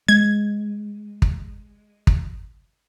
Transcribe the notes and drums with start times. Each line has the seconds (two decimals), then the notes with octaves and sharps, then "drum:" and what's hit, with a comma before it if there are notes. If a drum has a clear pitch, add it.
0.08 G#3 G#6
1.22 drum: kick
2.07 drum: kick